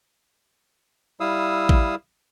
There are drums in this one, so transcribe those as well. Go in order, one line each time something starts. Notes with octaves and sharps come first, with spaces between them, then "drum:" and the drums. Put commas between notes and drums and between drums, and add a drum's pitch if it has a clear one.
G3 E4 F5 D#6 E6
drum: kick A1